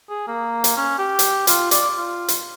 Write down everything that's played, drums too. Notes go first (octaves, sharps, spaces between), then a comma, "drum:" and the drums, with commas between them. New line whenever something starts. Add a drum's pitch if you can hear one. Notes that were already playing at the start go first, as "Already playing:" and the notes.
G#4
A#3
drum: hi-hat
C#4
G4
drum: hi-hat
F4, drum: hi-hat
D5, drum: hi-hat
F4
drum: hi-hat